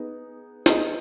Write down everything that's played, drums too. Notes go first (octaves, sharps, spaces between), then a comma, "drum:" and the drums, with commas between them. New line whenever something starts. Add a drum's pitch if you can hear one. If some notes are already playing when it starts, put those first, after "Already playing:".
Already playing: B3 D#4 G#4
B3 D#4 G#4 D#5, drum: snare